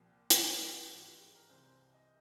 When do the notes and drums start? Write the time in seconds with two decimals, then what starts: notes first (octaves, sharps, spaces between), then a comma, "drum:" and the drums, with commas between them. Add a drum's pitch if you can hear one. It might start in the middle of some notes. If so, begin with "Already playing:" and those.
Already playing: C2 A#2 F3 G4
0.30 C#2 C#3 F3, drum: hi-hat
0.78 G4
0.91 G#2 E3 F#4
1.06 G4
1.20 G#4
1.35 A#4
1.49 C2 C3 E3 C5
1.65 C5
1.94 D#5